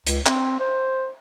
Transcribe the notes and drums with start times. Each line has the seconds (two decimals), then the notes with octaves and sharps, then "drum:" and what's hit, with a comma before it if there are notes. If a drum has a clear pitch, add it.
0.07 C#2, drum: hi-hat
0.26 C4, drum: clap
0.60 C5